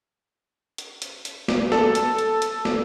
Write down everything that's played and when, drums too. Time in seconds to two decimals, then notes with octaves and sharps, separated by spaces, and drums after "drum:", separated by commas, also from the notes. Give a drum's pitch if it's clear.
0.78 drum: hi-hat
1.02 drum: hi-hat
1.25 drum: hi-hat
1.48 drum: snare
1.72 A4, drum: snare
1.95 drum: hi-hat
2.18 drum: hi-hat
2.42 drum: hi-hat
2.65 drum: snare